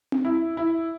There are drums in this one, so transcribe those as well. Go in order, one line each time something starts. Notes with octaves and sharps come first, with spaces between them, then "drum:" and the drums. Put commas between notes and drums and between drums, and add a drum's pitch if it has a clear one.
drum: tom C4
E4
E4